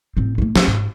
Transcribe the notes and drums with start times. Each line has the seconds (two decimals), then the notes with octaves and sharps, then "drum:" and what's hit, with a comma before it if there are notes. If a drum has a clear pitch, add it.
0.17 A2 C4
0.38 A3 A#3
0.56 D4, drum: snare
0.67 G#2